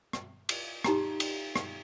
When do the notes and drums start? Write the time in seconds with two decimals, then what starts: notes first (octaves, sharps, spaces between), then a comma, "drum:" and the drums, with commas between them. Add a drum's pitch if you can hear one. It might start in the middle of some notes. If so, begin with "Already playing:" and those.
0.13 drum: rim click
0.49 drum: cymbal
0.84 D#4 G4 A#5 C6, drum: rim click
1.20 drum: cymbal
1.56 drum: rim click